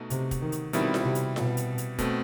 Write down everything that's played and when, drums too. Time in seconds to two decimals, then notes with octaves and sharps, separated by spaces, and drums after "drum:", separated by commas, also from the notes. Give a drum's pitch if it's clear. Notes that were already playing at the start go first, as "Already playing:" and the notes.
Already playing: B2 A3 D#4 F#4
0.10 C3, drum: hi-hat
0.31 drum: kick, hi-hat
0.42 D#3
0.52 drum: hi-hat
0.73 B2 D#3 G3 C4 E4, drum: hi-hat
0.94 drum: snare F4
1.04 C3
1.15 drum: hi-hat
1.36 B2, drum: snare F4
1.57 drum: hi-hat
1.78 drum: hi-hat
1.98 B2 A3 C4, drum: kick, hi-hat